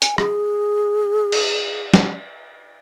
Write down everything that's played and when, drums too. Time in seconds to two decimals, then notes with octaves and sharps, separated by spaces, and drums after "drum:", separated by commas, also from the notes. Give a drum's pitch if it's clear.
0.02 G#5, drum: hi-hat
0.18 G#4, drum: rim click
1.32 drum: cymbal
1.94 drum: snare